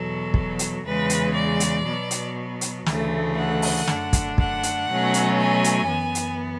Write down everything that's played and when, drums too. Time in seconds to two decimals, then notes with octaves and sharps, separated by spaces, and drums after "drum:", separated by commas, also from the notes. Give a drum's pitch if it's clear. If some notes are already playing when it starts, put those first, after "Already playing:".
Already playing: E2 B2 F#3 A4
0.34 drum: kick
0.59 drum: hi-hat
0.84 E2 C#3 G#3 B4
1.10 drum: hi-hat
1.35 D5
1.60 drum: hi-hat
1.85 B2 F#3 B3
2.11 drum: hi-hat
2.61 drum: hi-hat
2.86 D2 C#3 E3 A3, drum: snare
3.37 F#5
3.62 drum: open hi-hat
3.87 F#2 D3 A3 D4, drum: snare
4.13 drum: kick, hi-hat
4.38 F#5, drum: kick
4.63 drum: hi-hat
4.88 B2 F#3 A3 C#4
5.14 drum: hi-hat
5.39 G#5
5.64 drum: hi-hat
5.90 F#2 E3 B3
6.15 drum: hi-hat